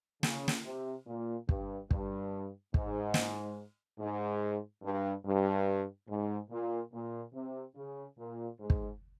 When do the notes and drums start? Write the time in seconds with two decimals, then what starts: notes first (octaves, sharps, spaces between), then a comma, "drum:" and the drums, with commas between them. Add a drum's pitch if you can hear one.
0.23 C#3, drum: snare
0.48 drum: snare
0.64 C3
1.06 A#2
1.49 G2, drum: kick
1.91 G2, drum: kick
2.74 G#2, drum: kick
3.14 drum: snare
3.99 G#2
4.83 G2
5.25 G2
6.08 G#2
6.51 A#2
6.93 A#2
7.34 C3
7.76 C#3
8.18 A#2
8.59 G#2
8.70 drum: kick